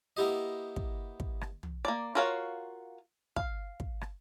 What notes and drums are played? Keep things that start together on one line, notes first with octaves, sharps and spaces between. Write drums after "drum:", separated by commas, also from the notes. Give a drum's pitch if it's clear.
A#3 B3 E4 G4 D#5
drum: kick
drum: kick
drum: rim click
drum: tom
A#3 D5
F4 F#4 A#4 C#5 F5
F5, drum: kick
drum: kick
drum: rim click